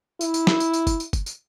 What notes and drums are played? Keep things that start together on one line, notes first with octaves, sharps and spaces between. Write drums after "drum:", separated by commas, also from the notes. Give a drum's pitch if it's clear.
E4, drum: tambourine
drum: tambourine
drum: snare
drum: tambourine
drum: tambourine
drum: kick, tambourine
drum: tambourine
drum: kick, tambourine
drum: tambourine